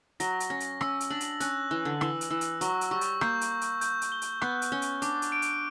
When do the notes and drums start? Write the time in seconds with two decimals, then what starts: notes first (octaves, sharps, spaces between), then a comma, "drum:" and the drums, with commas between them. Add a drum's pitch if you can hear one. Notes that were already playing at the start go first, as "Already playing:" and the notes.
0.20 F#3 A#6, drum: hi-hat
0.40 drum: hi-hat
0.50 C#4 A#6
0.60 drum: hi-hat
0.81 C#4 E6, drum: rim click
1.00 drum: hi-hat
1.10 D4 F#7
1.21 drum: hi-hat
1.40 C#4 F#6, drum: hi-hat
1.71 E3 F#6
1.85 D3
2.01 E3 E6, drum: rim click
2.21 drum: hi-hat
2.30 E3 E6
2.41 drum: hi-hat
2.61 F#3 C#6, drum: hi-hat
2.81 drum: hi-hat
2.91 G3 C#6
3.01 drum: hi-hat
3.21 A#3 G6, drum: rim click
3.41 drum: hi-hat
3.51 G6
3.61 drum: hi-hat
3.81 G6, drum: hi-hat
4.02 drum: hi-hat
4.12 G7
4.22 drum: hi-hat
4.41 B3 F#6, drum: rim click
4.62 drum: hi-hat
4.72 C#4 G7
4.82 drum: hi-hat
5.02 D4 D6, drum: hi-hat
5.22 drum: hi-hat
5.32 D7
5.42 drum: hi-hat